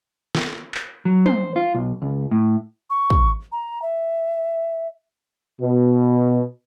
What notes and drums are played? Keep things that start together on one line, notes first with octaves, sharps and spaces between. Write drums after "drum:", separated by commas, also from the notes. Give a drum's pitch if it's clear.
drum: snare
drum: clap
F#3
C5, drum: tom
F4
B1
C#2
A2
C#6
drum: kick
A#5
E5
B2